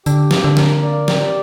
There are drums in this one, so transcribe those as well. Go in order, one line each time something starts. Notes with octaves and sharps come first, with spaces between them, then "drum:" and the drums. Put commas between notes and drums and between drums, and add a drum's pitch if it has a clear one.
D3 G4, drum: tambourine
A#3, drum: snare
D3
A#4, drum: snare
D5
G4, drum: snare